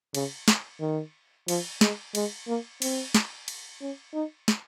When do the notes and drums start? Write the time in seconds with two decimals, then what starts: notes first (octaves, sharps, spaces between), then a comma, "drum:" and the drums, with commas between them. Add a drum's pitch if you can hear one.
0.15 C#3, drum: cymbal
0.48 drum: snare
0.80 D#3
1.48 F3, drum: cymbal
1.81 G#3, drum: snare
2.15 G#3, drum: cymbal
2.48 A#3
2.82 C4, drum: cymbal
3.15 drum: snare
3.48 drum: cymbal
3.81 C#4
4.14 D#4
4.48 drum: snare